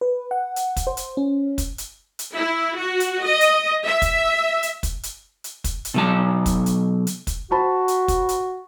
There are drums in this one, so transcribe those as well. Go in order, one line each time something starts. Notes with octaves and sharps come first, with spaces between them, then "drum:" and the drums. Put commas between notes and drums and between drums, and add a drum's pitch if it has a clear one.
B4
F#5
drum: hi-hat
drum: kick, hi-hat
C5
drum: hi-hat
C#4
drum: kick, hi-hat
drum: hi-hat
drum: hi-hat
E4
F#4
drum: hi-hat
D#5
drum: hi-hat
E5
drum: kick, hi-hat
drum: hi-hat
drum: kick, hi-hat
drum: hi-hat
drum: hi-hat
drum: kick, hi-hat
drum: hi-hat
B2 F#3 A5
drum: kick, hi-hat
drum: hi-hat
drum: hi-hat
drum: kick, hi-hat
F#4 C5 A5 B5
drum: hi-hat
drum: kick, hi-hat
drum: hi-hat